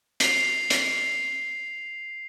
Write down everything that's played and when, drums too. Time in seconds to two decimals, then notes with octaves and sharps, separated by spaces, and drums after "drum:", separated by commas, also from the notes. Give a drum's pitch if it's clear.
0.20 C7 F7, drum: hi-hat
0.70 drum: hi-hat